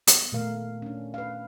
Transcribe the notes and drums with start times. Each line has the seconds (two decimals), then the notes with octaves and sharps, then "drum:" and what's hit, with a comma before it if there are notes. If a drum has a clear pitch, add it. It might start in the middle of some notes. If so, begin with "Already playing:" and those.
0.07 B3, drum: hi-hat
0.32 A#2 D#3 A3 A#4 F5
0.82 C#4 D4
1.14 B4 F5